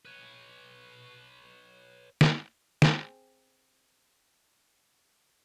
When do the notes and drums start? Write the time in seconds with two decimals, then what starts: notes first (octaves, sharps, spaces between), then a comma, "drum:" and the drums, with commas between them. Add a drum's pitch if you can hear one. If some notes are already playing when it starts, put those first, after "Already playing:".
0.05 B4 C#5
2.21 drum: snare
2.82 C4 G#4, drum: snare